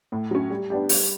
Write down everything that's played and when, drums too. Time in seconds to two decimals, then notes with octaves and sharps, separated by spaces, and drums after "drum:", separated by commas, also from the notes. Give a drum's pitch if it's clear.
0.12 A2
0.31 F#3 C#4
0.50 G3
0.70 B3 D4 G4
0.89 G3, drum: open hi-hat